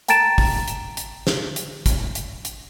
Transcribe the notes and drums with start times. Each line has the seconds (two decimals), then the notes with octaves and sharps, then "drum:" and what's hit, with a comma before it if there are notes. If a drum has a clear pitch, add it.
0.08 G5 A5 A#5 A6 D7 E7, drum: hi-hat
0.38 drum: kick, open hi-hat
0.68 drum: hi-hat
0.97 drum: hi-hat
1.27 drum: snare
1.56 drum: hi-hat
1.86 drum: kick, hi-hat
2.15 drum: hi-hat
2.45 drum: hi-hat